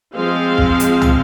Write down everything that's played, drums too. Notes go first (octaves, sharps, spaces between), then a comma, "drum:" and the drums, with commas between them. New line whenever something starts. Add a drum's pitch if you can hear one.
F3 G#3 C4 F5
drum: kick
drum: hi-hat
drum: tom